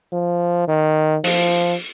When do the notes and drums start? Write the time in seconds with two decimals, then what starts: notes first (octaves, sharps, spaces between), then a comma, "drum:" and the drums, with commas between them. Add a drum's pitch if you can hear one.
0.13 F3
0.68 D#3
1.24 F3, drum: open hi-hat